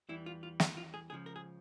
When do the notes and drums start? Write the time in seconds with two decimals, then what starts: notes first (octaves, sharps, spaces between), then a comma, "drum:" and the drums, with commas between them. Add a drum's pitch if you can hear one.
0.09 E2 E3 G3 E4
0.26 F4
0.43 F4
0.60 drum: snare
0.77 F4
0.94 G#4
1.10 C#2 C#3 F3 G#4
1.26 A#4
1.36 G#4